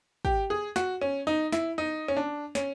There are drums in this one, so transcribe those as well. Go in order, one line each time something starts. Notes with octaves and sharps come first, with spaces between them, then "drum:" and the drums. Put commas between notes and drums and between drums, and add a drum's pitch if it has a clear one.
G4, drum: kick
G#4
F#4, drum: snare
C#4
D#4
E4, drum: snare
D#4
C#4
D4
C#4, drum: snare